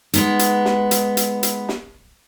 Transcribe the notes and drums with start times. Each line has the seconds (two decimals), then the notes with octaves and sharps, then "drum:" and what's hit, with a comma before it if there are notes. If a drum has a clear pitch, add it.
0.14 G#3 B3 D#4, drum: hi-hat
0.39 drum: hi-hat
0.65 drum: snare
0.91 drum: hi-hat
1.17 drum: hi-hat
1.43 drum: hi-hat
1.69 drum: snare